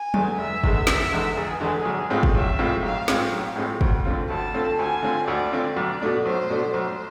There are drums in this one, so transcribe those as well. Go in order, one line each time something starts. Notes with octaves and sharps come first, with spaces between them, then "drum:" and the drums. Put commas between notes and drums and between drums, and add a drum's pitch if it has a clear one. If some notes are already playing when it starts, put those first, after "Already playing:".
Already playing: G#5
E2 D3 G#3, drum: tom F#3
F1 E5
E2 D3 G#3, drum: kick
F1, drum: snare
E2 D3 G#3
F1 G#4
E2 D3 G#3
B1
A2 G#3 C4 F4
drum: kick
B1 E5
A2 G#3 C4 F4
B1 F5
A2 G#3 C4 F4, drum: snare
B1
A2 G#3 C4 F4
D2, drum: kick
D3 A3 C4 F4
D2 A5
D3 A3 C4 F4
D2 G#5
D3 A3 C4 F4
D2 D5
D3 A3 C4 F4
B1 D5
B2 A3 D4
B1 C5
B2 A3 D4
B1 C5